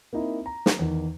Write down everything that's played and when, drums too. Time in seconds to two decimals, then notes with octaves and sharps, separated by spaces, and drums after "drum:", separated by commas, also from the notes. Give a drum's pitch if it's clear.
0.13 A#3 C4 D#4 E4
0.46 A#5
0.66 drum: snare
0.79 E2 D#3